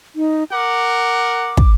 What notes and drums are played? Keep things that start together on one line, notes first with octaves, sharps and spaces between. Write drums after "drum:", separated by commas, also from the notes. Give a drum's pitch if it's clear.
D#4
A#4 F#5 D6
drum: kick